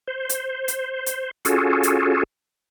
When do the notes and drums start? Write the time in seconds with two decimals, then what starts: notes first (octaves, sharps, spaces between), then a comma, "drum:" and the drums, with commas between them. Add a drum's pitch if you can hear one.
0.08 C5
0.29 drum: hi-hat
0.68 drum: hi-hat
1.06 drum: hi-hat
1.45 C#4 F4 F#4 G#4 A4, drum: hi-hat
1.83 drum: hi-hat